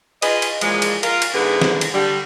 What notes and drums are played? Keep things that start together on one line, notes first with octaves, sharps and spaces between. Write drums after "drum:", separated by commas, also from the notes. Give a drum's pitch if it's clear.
F4 G#4 B4 D#5, drum: cymbal
drum: cymbal
A#2 E3 F3 G#3, drum: cymbal
drum: cymbal
F4 A#4, drum: cymbal
drum: cymbal
G#2 D3 B3 E4 G#4 B4
drum: snare
drum: cymbal
D3 G3